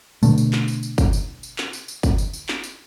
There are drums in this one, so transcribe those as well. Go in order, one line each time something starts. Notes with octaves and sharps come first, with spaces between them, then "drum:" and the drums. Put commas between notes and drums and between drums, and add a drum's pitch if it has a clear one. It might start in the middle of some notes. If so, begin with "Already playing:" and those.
B2 D3 A3, drum: tambourine
drum: tambourine
drum: clap
drum: tambourine
drum: tambourine
drum: kick, tambourine
drum: tambourine
drum: tambourine
drum: clap
drum: tambourine
drum: tambourine
drum: kick, tambourine
drum: tambourine
drum: tambourine
drum: clap
drum: tambourine